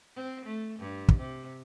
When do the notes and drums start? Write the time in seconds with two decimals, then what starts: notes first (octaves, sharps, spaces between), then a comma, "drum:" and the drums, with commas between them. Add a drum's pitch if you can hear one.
0.16 C4
0.46 A3
0.79 G2
1.08 drum: kick
1.18 C3